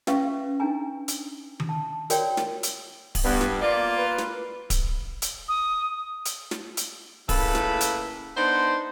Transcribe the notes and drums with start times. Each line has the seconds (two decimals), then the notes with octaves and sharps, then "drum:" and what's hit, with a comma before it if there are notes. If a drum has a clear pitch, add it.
0.07 C#4 B4 E5 F5 C#6, drum: snare
0.60 D4 D#4 G#5 A#5
1.08 drum: hi-hat
1.60 drum: tom D#3
1.69 A5
2.10 F#4 A#4 C#5 D5 G5, drum: hi-hat
2.37 drum: snare
2.63 drum: hi-hat
3.15 drum: kick D1, open hi-hat
3.24 G2 B3
3.41 drum: snare
3.62 A#3 F4 D5
3.97 B4
4.18 drum: snare
4.70 drum: kick D1, hi-hat
5.22 drum: hi-hat
5.48 D#6
6.25 drum: hi-hat
6.51 drum: snare
6.77 drum: hi-hat
7.29 A2 C#3 A#3 A4 B4 B5, drum: kick D1, open hi-hat
7.55 drum: snare
7.81 drum: hi-hat
8.37 B3 D4 D#4 C5